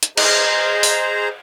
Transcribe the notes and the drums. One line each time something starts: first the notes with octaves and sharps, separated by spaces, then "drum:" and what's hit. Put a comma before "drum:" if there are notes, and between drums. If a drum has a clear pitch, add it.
drum: hi-hat
G#4 C5 D#5 A#5, drum: cymbal
drum: open hi-hat